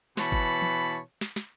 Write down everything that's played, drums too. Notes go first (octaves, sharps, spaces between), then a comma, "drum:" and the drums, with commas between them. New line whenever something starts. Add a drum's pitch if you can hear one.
B2 E3 C#5 A5 B5, drum: snare
drum: kick G1
drum: tom E3
drum: snare
drum: snare